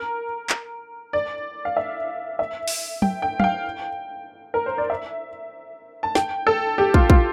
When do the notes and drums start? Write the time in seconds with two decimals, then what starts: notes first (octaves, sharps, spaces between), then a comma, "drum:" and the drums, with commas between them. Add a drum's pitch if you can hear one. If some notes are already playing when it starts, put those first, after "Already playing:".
Already playing: A#4
0.50 drum: clap
1.13 D5
1.65 F5
1.77 E5
2.39 E5
2.68 drum: open hi-hat
3.02 G5, drum: tom
3.22 G5
3.40 F5, drum: tom
3.44 G5
4.54 A#4
4.66 C5
4.78 D5
4.90 E5
6.03 A5
6.15 G5, drum: snare
6.47 A4
6.78 G4
6.94 F4, drum: kick
7.10 F4, drum: kick